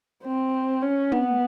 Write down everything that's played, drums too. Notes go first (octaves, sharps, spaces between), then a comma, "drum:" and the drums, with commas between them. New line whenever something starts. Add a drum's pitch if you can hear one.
C4
C#4
B3, drum: tom